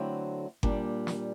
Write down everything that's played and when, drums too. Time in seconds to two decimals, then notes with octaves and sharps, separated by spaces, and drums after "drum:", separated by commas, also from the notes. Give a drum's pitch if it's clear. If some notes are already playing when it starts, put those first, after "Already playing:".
Already playing: D3 F#3 A3 C4 E4
0.63 A#2 G3 A#3 D4, drum: kick G1
1.07 drum: snare